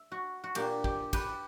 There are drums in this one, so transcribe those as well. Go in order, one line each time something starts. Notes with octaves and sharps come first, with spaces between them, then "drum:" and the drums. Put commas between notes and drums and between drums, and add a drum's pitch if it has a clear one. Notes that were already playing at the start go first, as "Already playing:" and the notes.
Already playing: E5
F#4
F#4
A#2 A#3 D4 G4, drum: cymbal
G4, drum: kick
G4 B4, drum: kick, cymbal